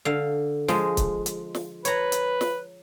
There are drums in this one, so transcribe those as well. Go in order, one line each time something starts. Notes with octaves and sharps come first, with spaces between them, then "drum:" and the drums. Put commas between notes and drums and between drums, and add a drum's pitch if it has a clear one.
D3 F5
F3 G#3, drum: snare
drum: kick C#1, hi-hat
drum: hi-hat
drum: snare
B4 C#5 A#5, drum: hi-hat
drum: hi-hat
drum: snare